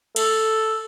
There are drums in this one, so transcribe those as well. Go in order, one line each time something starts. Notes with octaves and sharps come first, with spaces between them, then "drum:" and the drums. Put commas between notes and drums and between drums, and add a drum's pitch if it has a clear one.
A4, drum: cymbal